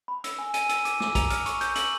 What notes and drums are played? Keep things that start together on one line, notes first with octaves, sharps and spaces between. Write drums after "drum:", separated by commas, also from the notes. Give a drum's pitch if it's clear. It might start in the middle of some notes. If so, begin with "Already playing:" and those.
B5
E6, drum: hi-hat
G#5
G#5 D#7, drum: hi-hat
E6, drum: hi-hat
D6, drum: hi-hat
D6, drum: snare
A#5 F7, drum: kick A#1, hi-hat
F6, drum: hi-hat
C#6, drum: hi-hat
G6, drum: hi-hat
E6 F#7, drum: hi-hat